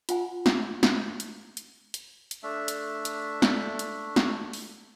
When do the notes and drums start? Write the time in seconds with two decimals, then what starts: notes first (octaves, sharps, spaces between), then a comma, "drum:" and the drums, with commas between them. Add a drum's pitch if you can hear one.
0.09 F4 F#5 G#5, drum: hi-hat
0.46 drum: snare
0.83 drum: snare
1.20 drum: hi-hat
1.57 drum: hi-hat
1.94 drum: hi-hat
2.31 drum: hi-hat
2.43 A3 D4 E5
2.68 drum: hi-hat
3.05 drum: hi-hat
3.42 drum: snare
3.79 drum: hi-hat
4.16 drum: snare
4.53 drum: open hi-hat